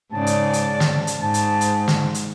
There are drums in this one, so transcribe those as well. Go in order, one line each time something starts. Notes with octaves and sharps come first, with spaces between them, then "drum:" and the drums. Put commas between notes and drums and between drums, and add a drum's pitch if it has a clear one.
G#2 C#3 D5 A5
drum: hi-hat
drum: hi-hat
drum: snare
drum: hi-hat
G#2 A5
drum: hi-hat
drum: hi-hat
drum: snare
drum: hi-hat